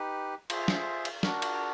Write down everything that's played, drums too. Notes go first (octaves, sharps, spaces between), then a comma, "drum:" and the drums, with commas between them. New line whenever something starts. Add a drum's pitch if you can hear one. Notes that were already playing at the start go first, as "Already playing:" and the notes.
Already playing: D#4 G4 B4
F4 G#4 C5 E5, drum: cymbal
drum: snare
drum: cymbal
D4 F#4 A#4, drum: snare
drum: cymbal